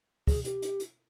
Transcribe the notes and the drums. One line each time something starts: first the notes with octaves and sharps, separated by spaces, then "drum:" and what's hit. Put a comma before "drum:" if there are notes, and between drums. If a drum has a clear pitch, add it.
G#4, drum: kick, open hi-hat
G4, drum: hi-hat
drum: hi-hat
drum: hi-hat